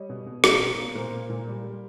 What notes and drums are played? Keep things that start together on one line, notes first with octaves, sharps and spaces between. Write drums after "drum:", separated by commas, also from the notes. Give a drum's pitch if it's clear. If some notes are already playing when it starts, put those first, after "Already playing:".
Already playing: G3 C#5 D#5
B2
B2
A#3, drum: rim click
B2
A#3
A#2 A#4 C5
A#3
A#2
G3
G3